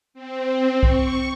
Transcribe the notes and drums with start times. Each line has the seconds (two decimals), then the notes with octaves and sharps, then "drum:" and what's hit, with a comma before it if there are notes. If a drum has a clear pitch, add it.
0.14 C4
0.83 C#6, drum: kick C2